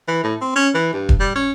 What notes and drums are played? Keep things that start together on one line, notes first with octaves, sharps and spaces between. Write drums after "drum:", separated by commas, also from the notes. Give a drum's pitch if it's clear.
E3
A2
C4
C#4
E3
G2
drum: kick E1
G3
C#4